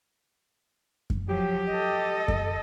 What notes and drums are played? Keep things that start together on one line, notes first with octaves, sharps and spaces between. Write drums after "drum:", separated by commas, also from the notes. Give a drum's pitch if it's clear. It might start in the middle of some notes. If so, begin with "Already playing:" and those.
drum: kick F#2
F3 F#3 G4
A4 D#5
drum: kick F#2